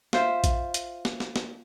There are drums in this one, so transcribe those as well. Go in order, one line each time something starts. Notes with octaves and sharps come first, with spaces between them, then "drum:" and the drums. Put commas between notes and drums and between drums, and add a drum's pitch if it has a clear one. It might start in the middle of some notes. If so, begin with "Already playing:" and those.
F4 C5 E5, drum: snare
drum: kick A1, hi-hat
drum: hi-hat
drum: snare
drum: snare
drum: snare